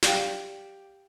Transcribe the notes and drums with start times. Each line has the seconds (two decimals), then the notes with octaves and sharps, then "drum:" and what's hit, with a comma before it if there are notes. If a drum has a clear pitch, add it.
0.03 G4 D5 F5 G5, drum: snare